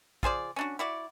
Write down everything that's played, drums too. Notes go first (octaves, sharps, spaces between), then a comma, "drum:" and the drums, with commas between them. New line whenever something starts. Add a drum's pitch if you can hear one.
F4 G#4 C5 D5, drum: kick
C#4 D4 F#4
E4 F#4 D5